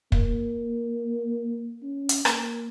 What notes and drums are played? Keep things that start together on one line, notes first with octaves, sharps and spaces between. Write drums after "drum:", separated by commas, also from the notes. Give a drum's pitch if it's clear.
A#3, drum: kick
C#4
drum: hi-hat
A#3, drum: rim click